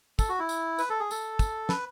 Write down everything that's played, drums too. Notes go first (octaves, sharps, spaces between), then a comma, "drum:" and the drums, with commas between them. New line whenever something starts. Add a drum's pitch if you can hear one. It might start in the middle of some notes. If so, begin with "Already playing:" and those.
A4, drum: kick, tambourine
F#4
E4
drum: tambourine
B4, drum: tambourine
A4
G#4
A4, drum: tambourine
drum: kick, tambourine
B4, drum: snare